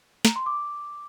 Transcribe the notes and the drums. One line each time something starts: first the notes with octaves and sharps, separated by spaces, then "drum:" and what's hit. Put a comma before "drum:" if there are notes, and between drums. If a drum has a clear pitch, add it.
A#5, drum: snare
C6
D6